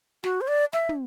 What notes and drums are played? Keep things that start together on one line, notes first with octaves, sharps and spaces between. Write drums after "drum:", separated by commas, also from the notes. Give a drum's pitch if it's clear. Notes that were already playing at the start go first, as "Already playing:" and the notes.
F#4, drum: snare
C5
D5
E5, drum: snare
drum: tom